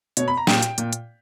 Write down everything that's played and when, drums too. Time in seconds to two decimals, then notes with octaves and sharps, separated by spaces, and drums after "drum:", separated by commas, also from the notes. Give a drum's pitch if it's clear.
0.17 B2 C#5, drum: hi-hat
0.28 B5
0.37 A#5
0.47 A#2 G5, drum: snare
0.62 drum: hi-hat
0.78 A#2, drum: hi-hat
0.93 drum: hi-hat